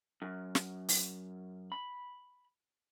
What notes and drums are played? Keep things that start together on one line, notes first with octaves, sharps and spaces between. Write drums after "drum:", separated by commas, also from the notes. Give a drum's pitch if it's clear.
F#2
drum: snare
drum: open hi-hat
B5